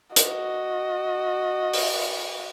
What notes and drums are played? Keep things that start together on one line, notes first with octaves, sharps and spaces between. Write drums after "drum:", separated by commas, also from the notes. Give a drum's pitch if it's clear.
F#4 D#5, drum: hi-hat
drum: open hi-hat